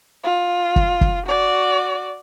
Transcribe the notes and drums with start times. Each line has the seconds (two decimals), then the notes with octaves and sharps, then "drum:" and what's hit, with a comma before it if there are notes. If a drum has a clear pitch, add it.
0.23 F4
0.76 drum: kick
1.01 drum: kick
1.26 F#4 D5